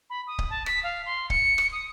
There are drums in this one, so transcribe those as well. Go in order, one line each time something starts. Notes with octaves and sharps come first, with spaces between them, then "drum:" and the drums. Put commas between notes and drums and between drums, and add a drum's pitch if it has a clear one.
B5
D#6
drum: kick C#1
A5
B6, drum: rim click
F5
C6
C#7, drum: kick C#1
drum: rim click
D#6